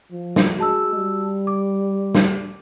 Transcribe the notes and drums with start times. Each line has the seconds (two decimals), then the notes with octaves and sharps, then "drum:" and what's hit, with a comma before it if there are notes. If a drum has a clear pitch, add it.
0.12 F3
0.36 drum: snare
0.59 G#3 F#4 A5 E6
0.95 G3
1.47 D6
2.15 drum: snare